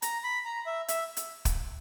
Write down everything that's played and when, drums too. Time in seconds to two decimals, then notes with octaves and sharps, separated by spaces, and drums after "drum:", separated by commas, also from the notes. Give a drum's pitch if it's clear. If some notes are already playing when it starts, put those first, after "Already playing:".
0.02 A#5, drum: hi-hat
0.24 B5
0.45 A#5
0.66 E5
0.88 E5, drum: hi-hat
1.17 drum: hi-hat
1.45 drum: kick, hi-hat